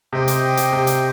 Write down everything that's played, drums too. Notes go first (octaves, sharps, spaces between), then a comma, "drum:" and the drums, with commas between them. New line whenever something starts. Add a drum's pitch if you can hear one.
C3 G4 C5 D#5 G5
drum: hi-hat
drum: hi-hat
C3
drum: hi-hat